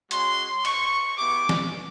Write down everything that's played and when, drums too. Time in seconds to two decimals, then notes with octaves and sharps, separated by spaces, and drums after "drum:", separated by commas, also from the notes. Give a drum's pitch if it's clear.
0.11 G#3 C#4 F#4 C6, drum: hi-hat
0.65 C#6, drum: cymbal
1.17 G#3 B3 E4 G4 D6
1.49 drum: snare